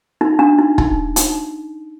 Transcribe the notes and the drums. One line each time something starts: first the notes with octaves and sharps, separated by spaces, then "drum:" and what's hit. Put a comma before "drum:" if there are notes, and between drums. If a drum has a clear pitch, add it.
D#4
D4
D#4
D#4, drum: kick E1
D#4, drum: hi-hat